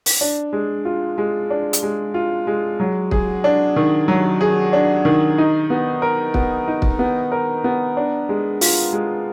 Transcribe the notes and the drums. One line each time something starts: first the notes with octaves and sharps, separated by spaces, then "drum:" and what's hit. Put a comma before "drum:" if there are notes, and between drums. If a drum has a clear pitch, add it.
drum: open hi-hat
D4
G#3
F4
G#3
D4
drum: hi-hat
G#3
F4
G#3
F#3
G#4, drum: kick
D4
D#3
F#3
G#4
D4
D#3
D#4
B3
A#4
B3, drum: kick
D#4
drum: kick
B3
A#4
B3
D4
G#3
F4, drum: open hi-hat
G#3